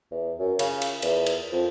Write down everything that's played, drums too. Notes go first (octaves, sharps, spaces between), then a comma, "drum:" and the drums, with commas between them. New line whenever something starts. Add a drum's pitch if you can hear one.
E2
F#2
C#3, drum: cymbal
drum: cymbal
E2, drum: cymbal
drum: cymbal
F2